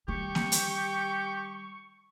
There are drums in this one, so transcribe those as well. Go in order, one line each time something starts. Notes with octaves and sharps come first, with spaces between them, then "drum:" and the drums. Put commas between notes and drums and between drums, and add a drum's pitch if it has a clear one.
D#3 G3 G4 C#6
drum: snare A#3
drum: hi-hat